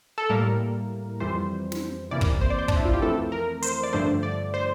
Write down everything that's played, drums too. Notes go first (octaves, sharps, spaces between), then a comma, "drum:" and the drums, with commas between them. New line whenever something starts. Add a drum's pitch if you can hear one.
A4
A2 G3 A#3 A#4
F2 E3 G3 C5
drum: snare
C3 E3 A#3 D5
drum: kick
C5
D5
C5
D4, drum: kick
E4
F4
G4
F2 E3 A3 A4
A#4
C5, drum: hi-hat
D5
G2 D3 F3 A3 C5
D5
C5